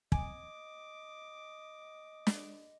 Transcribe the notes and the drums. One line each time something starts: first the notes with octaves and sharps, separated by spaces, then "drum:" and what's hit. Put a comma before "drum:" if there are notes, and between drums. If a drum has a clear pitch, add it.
D#5 G#5 D6 D#6, drum: kick
drum: snare